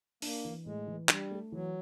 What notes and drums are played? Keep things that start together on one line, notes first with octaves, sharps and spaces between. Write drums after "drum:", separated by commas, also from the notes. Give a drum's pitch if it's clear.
A#3 D4, drum: open hi-hat
E3
A2 G#3
E3
G3 D4, drum: clap
A3
E3 F#3